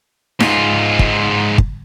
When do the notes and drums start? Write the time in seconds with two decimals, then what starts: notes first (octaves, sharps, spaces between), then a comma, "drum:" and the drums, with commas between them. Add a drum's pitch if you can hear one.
0.40 G#2 F4, drum: snare D#4
0.99 drum: kick
1.58 drum: kick